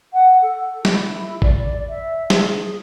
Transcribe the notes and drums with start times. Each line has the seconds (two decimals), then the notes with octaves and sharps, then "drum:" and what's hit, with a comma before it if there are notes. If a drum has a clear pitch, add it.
0.13 F#5
0.41 A4
0.85 E4, drum: snare
1.42 D5, drum: kick G#1
1.88 E5
2.30 G#4, drum: snare